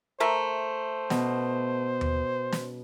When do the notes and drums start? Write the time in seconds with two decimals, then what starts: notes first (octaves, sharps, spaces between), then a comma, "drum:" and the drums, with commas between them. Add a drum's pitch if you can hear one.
0.20 A3 A#4 C5 E5
1.10 B2, drum: snare
2.01 drum: tom D#2
2.52 drum: snare